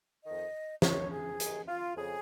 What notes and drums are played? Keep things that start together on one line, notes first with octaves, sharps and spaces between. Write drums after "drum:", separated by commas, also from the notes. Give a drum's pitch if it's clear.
F2 D#3 D#5
D#2 D#3 C#5, drum: snare
G#4
D#2 D#3, drum: hi-hat
F4
F2 C#3 G#4